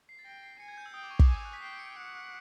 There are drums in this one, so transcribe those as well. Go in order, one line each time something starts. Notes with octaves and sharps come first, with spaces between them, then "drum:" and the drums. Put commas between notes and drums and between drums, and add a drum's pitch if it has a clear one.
C7
A6
G5 A#6
C7
G#5 C#7
G#6
G6
E6
G5 D#6
D6
C#6
D6, drum: kick
G#5 D#6
E6
F#6
B6
G5 C7
D7
C#7
F#5